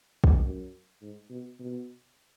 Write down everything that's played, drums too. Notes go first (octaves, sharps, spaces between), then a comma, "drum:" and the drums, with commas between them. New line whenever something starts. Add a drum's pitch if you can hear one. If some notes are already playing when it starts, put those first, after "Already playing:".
drum: kick
F#2
G#2
B2
B2